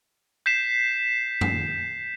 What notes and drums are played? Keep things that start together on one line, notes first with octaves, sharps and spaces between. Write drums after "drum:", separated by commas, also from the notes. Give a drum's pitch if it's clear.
G6 B6 C7 E7
drum: tom